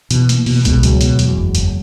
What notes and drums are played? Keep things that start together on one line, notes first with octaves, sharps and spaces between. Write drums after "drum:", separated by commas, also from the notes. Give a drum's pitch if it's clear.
B2 E3, drum: hi-hat
A#3, drum: hi-hat
B2, drum: open hi-hat
B2 G#3, drum: kick, hi-hat
C#2 F#3, drum: hi-hat
B2 G#3, drum: hi-hat
E2 F#3, drum: hi-hat
F#1
F#1, drum: hi-hat